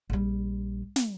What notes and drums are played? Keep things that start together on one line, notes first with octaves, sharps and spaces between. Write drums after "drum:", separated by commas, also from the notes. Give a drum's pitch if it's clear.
A#1 G3
drum: snare